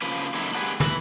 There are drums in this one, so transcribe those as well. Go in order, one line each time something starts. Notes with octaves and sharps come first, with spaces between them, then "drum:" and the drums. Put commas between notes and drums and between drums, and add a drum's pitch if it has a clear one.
C#3 F3 A#3 B4
F#3 A#3 D#4 E4 A4
G#3 G4 G#4 B4 D5 F#5
E3 B4, drum: tom